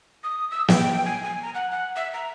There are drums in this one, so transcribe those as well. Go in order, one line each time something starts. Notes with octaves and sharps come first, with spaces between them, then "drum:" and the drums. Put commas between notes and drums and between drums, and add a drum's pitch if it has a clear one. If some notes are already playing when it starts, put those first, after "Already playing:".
D#6
E6
G5, drum: snare
G#5
G#5
A#5
F#5
F#5
E5
A#5